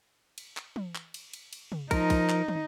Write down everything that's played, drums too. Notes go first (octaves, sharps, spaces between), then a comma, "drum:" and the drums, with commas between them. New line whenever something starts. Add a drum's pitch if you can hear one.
drum: cymbal
drum: clap
drum: tom
drum: clap
drum: cymbal
drum: cymbal
drum: cymbal
drum: tom
F3 D#4 A#4, drum: kick, cymbal
drum: kick, cymbal
drum: clap
drum: tom